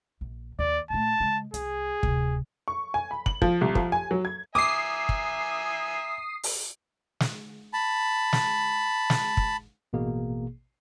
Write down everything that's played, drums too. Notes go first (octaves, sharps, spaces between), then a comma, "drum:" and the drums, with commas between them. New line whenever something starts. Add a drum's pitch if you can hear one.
A#1
D#2 D5
A#2 A3 A5
C#3 G#3
C2 G#4, drum: hi-hat
D1 C3, drum: kick
C#6
G#5
B5
F#7, drum: kick
F3, drum: kick
C2
F3, drum: kick
G#5
F#3
G#6
E5 G#5 A#5 D6 D#6 C7
drum: kick
drum: open hi-hat
drum: snare
A5 B5
drum: snare
drum: snare
drum: kick
A1 B2 A#3 G#4